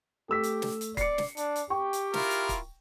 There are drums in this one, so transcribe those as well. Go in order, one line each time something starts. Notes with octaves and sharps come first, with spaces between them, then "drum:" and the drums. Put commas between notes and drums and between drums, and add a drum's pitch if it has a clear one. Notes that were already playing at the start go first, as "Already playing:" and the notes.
A3 G4 E6 B6
drum: hi-hat
drum: snare
drum: hi-hat
D5 C7 C#7, drum: kick, hi-hat
drum: snare
D4, drum: hi-hat
drum: hi-hat
G4 G5 C#6
drum: hi-hat
E4 F4 A#4, drum: snare
drum: hi-hat
drum: kick, hi-hat